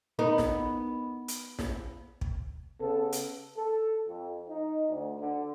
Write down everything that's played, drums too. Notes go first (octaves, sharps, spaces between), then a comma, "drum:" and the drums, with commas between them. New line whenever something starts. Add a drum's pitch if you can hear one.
B3 D#4 A#4
drum: snare
drum: hi-hat
drum: snare
drum: kick
C#3 B3 A4
drum: hi-hat
A4
F2
D#4
D2
D3